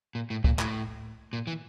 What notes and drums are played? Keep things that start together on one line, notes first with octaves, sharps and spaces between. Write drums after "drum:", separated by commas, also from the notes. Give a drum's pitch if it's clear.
A#2
A2
A#2, drum: kick
A2, drum: clap
A#2
E3